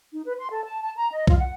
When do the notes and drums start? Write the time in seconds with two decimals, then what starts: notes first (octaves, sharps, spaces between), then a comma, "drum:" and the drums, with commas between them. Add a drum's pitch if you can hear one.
0.13 D#4
0.25 B4
0.38 C6
0.51 A4
0.64 A5
0.81 A5
0.96 A#5
1.12 D#5
1.27 F4, drum: kick B1
1.39 F#5